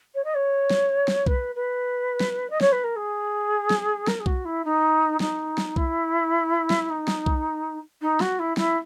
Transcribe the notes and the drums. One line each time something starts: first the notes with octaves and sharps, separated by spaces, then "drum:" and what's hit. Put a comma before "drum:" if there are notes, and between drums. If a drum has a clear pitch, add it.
C#5
D#5
C#5
drum: snare
drum: snare
B4, drum: kick B1
B4
drum: snare
D#5
C#5, drum: snare
B4
A#4
G#4
drum: snare
A#4, drum: snare
G#4
F#4, drum: kick B1
E4
D#4
D#4, drum: snare
drum: snare
E4, drum: kick B1
drum: snare
D#4
drum: snare
drum: kick B1
D#4
F#4, drum: snare
E4
E4, drum: snare